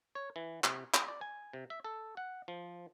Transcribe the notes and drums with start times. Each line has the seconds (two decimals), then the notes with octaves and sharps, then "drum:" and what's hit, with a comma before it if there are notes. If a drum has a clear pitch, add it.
0.15 C#5
0.36 E3
0.64 C3, drum: clap
0.94 G5, drum: clap
1.08 D5
1.21 G#5
1.53 C3
1.70 E5
1.85 A4
2.17 F#5
2.48 F3